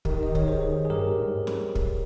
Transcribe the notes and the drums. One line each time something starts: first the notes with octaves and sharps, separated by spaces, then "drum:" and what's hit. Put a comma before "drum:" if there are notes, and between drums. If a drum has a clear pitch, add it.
D#3 G4 A#4, drum: kick
D#5
C#5, drum: kick
G#4 C5
G#4
G2 G4 A#4
G#2
drum: snare
drum: kick